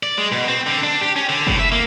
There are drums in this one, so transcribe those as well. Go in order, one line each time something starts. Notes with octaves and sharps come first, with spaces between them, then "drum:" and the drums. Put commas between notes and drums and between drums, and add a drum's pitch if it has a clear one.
D5
G#3
B2
C4
D3
D4
G4
C#4
D3
A2, drum: kick
E5
A#3